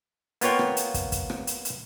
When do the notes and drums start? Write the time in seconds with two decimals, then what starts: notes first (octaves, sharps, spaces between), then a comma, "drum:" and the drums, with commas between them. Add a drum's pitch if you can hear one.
0.41 A#3 B3 F4 C#5 G5, drum: hi-hat
0.59 drum: rim click
0.77 drum: hi-hat
0.94 drum: kick, hi-hat
1.12 drum: kick, hi-hat
1.30 drum: rim click
1.47 drum: hi-hat
1.65 drum: hi-hat